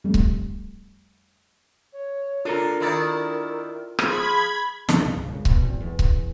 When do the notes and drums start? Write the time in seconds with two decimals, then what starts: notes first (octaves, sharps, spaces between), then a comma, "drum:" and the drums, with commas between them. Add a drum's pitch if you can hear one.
0.04 F2 G3 A3
0.14 drum: kick C#1
1.93 C#5
2.45 D4 F4 A4 A#4 A#5
2.80 D#3 E4 D5
3.99 F3 G#4 B5 G#6, drum: rim click
4.88 G2 C#3, drum: snare
5.05 C2 G2 C#3
5.28 A#2 C#3 G#3
5.45 B2, drum: kick C#1
5.63 G#1
5.80 E2
5.99 drum: kick C#1